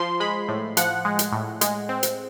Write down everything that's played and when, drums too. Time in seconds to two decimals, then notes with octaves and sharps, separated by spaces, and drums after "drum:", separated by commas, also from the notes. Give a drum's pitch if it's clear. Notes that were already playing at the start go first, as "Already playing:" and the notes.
Already playing: F3 C6
0.20 G#3 B5
0.49 A2
0.77 F3 F#5, drum: hi-hat
1.05 G#3
1.19 drum: hi-hat
1.32 A2
1.61 G#3, drum: hi-hat
1.89 C4
2.03 drum: hi-hat